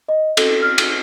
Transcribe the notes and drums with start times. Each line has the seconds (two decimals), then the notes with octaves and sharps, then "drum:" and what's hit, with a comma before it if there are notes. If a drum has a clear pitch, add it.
0.09 D#5
0.37 A4, drum: cymbal
0.62 F6
0.78 drum: cymbal